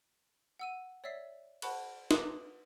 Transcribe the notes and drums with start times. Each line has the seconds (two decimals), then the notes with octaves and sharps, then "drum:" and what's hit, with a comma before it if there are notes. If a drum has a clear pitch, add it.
0.59 F#5 E6 D#7
1.04 C#5 D5 E5 E6 B6 C7
1.62 C5 F#5 A5 B5 C#6 F#6, drum: cymbal
2.11 B4 D6 D#6 F#6, drum: snare